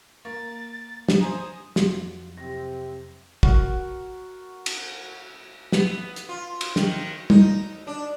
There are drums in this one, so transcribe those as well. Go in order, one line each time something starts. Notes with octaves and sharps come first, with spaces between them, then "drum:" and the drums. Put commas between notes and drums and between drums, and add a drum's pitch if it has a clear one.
A#3 A6
drum: snare
C5 G#5 A#5 D#6
F2 F3 F#3 F4 F#4, drum: snare
C3 C4 A#6
F#4 A#4 C#5, drum: kick
drum: cymbal
B3, drum: snare
drum: hi-hat
F4
drum: cymbal
D#3, drum: snare
D#4, drum: tom
D4